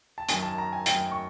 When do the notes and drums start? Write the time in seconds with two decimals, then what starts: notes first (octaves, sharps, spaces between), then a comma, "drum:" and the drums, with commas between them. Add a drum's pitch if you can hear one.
0.18 A5
0.29 F#2 D#3 G#5, drum: hi-hat
0.43 A5
0.58 A#5
0.73 G#5
0.86 F#2 D#3 G5, drum: hi-hat
1.12 C#6